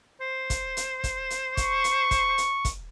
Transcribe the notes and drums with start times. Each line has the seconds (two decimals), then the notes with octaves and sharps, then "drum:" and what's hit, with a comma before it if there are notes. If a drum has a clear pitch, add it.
0.21 C5
0.50 drum: kick, hi-hat
0.77 drum: hi-hat
1.04 drum: kick, hi-hat
1.30 drum: hi-hat
1.57 C#6, drum: kick, hi-hat
1.84 drum: hi-hat
2.11 drum: kick, hi-hat
2.38 drum: hi-hat
2.65 drum: kick, hi-hat